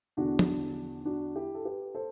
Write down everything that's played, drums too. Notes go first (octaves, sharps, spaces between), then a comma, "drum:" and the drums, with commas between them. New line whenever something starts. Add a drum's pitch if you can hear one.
E2 D3 D4 F#4
drum: tom F3
D4 F#4
E4 G4
A4
G4 B4
A4 C5